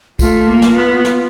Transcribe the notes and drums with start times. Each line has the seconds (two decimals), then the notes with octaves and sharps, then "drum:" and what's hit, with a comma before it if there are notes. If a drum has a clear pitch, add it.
0.19 A3 F4, drum: kick, tambourine
0.47 A#3
0.62 drum: snare
0.77 B3
1.05 F4, drum: snare